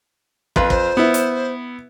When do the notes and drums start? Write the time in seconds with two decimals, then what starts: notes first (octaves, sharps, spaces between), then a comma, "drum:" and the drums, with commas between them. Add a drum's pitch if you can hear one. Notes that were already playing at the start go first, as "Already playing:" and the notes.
0.56 F2 F4 B4, drum: kick
0.70 C5, drum: kick
0.97 B3 E4
1.14 drum: hi-hat